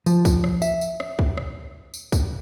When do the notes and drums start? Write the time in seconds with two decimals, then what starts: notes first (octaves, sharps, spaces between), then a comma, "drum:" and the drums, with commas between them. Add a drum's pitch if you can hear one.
0.06 F3, drum: tambourine
0.25 drum: kick, tambourine
0.44 drum: rim click
0.62 E5, drum: tambourine
0.81 drum: tambourine
1.00 drum: rim click
1.19 drum: kick
1.37 drum: rim click
1.94 drum: tambourine
2.12 drum: kick, tambourine